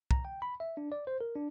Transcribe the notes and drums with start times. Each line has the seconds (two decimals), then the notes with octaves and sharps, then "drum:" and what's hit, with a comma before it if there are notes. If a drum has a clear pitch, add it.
0.11 A#5, drum: kick
0.25 G5
0.42 B5
0.60 E5
0.77 D4
0.92 D5
1.07 C5
1.21 A#4
1.35 D4